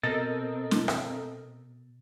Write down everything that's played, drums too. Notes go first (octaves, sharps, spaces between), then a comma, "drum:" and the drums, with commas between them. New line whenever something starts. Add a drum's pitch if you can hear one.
B2 C4 A4 A#4 D#5 A6
drum: snare
drum: rim click